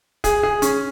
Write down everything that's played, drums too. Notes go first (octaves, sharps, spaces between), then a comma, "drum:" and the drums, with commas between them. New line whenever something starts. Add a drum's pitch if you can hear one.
G#4, drum: kick, hi-hat
G#4
C#4, drum: hi-hat